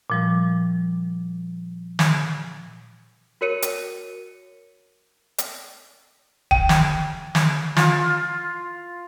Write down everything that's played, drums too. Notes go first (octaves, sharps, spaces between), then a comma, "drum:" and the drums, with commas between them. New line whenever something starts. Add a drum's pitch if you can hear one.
A#2 F3 G3
drum: snare
F#4 A#4 C#5 C#7 D#7
drum: hi-hat
drum: hi-hat
G5, drum: kick
drum: snare
drum: snare
F4, drum: snare